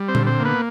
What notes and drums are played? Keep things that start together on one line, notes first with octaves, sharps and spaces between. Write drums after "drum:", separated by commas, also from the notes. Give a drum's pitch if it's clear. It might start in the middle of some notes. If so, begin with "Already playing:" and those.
Already playing: G3
C4 C5
D3, drum: tom A#2
C4 C5
A#3
B3 B4